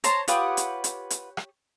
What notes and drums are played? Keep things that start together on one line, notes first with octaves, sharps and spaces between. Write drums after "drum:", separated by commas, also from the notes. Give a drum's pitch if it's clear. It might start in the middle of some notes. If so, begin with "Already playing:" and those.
C5 C#5 A5 A#5 C6, drum: hi-hat
F4 G4 B4 C#5 F#5 D#6, drum: hi-hat
drum: hi-hat
drum: hi-hat
drum: hi-hat
drum: rim click